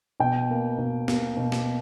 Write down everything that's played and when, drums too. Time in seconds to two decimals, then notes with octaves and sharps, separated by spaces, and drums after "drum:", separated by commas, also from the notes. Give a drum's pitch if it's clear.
0.20 B2 G5
0.50 A#3
0.78 B2
1.08 A#3, drum: snare
1.37 B2
1.52 drum: snare